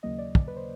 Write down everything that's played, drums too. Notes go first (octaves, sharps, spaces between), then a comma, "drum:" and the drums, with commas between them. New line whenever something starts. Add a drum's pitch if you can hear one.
D#2 C#3 F#3 A#3 D#5
D5
D5, drum: kick
B4
C5